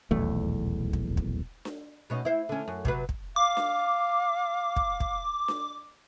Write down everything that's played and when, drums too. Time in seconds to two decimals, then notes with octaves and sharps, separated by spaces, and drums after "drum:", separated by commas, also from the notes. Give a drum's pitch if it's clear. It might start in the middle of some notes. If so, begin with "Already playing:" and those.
0.11 D#1 B1 E2 A3
0.93 drum: kick
1.17 drum: kick
1.65 drum: snare D4
2.10 B2 C#4 D#4
2.25 E4 C5
2.49 D3 C#4
2.68 F#2
2.85 C3 F#3 B4, drum: kick
3.09 drum: kick
3.36 F5 D6
3.57 drum: snare D4
4.76 drum: kick
5.00 drum: kick
5.48 drum: snare D4